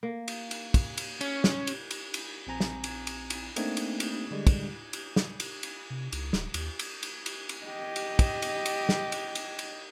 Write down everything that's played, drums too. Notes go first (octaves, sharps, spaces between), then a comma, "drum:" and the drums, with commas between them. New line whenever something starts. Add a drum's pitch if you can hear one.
A#3
drum: cymbal
drum: cymbal
drum: kick, cymbal
drum: cymbal
C#4, drum: cymbal
drum: snare
drum: cymbal
drum: cymbal
drum: cymbal
A#1 C4 G#5 A#5
drum: snare
drum: cymbal
drum: cymbal
drum: cymbal
A3 A#3 C4 D4 D#4, drum: cymbal
drum: cymbal
drum: cymbal
D3 G3 G#3
drum: kick, cymbal
drum: cymbal
drum: snare
drum: cymbal
drum: cymbal
C3
C#2, drum: cymbal
D1, drum: snare
D#2, drum: cymbal
drum: cymbal
drum: cymbal
drum: cymbal
drum: cymbal
G4 D#5
drum: cymbal
drum: kick, cymbal
drum: cymbal
drum: cymbal
drum: snare
drum: cymbal
drum: cymbal
drum: cymbal